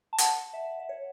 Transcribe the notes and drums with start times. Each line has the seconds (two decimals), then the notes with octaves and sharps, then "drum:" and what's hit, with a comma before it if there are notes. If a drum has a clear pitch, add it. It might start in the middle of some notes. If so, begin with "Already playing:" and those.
0.13 A5
0.18 F#5, drum: hi-hat
0.54 E5
0.80 E5
0.89 C#5